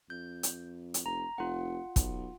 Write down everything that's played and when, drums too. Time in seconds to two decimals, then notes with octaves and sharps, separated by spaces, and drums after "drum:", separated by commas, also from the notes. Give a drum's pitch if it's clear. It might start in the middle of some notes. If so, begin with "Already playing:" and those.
0.10 F2 G6
0.43 drum: hi-hat
0.94 drum: hi-hat
1.06 F1 A#5
1.38 F1 F4 F#5
1.96 B1, drum: kick, hi-hat